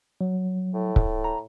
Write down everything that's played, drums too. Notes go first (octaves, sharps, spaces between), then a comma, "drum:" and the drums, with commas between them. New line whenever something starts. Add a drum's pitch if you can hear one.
F#3
A2
drum: kick C#1
A#5